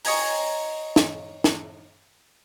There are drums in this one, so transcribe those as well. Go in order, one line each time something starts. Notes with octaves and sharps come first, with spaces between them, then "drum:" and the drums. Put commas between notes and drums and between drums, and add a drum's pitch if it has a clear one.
C#5 D#5 G#5 A#5, drum: open hi-hat
drum: snare
drum: snare